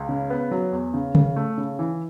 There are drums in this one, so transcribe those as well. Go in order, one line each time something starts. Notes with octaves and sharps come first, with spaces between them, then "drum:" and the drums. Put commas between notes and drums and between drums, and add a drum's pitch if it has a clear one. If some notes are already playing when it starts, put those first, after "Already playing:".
Already playing: C#2
C#3
B3
F#3
E2
C#3
C#3, drum: tom C#3
A3
C#3
E3